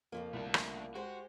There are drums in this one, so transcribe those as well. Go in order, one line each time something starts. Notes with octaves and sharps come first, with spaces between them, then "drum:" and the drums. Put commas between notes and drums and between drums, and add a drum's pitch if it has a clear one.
F2 C#3 F3 A#3
C2 A3 D4
drum: rim click
G#3 F#4 G4 C5